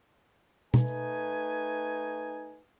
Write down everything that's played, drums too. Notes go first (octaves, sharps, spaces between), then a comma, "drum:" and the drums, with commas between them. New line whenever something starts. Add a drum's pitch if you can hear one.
A3 D#4 B4 G#5, drum: tom B2